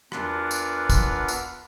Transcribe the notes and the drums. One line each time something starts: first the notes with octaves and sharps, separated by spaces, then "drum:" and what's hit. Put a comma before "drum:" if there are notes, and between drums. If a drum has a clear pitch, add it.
E2 D4 F4 A#4 B4 F#5, drum: rim click
drum: tambourine
drum: kick, tambourine
drum: tambourine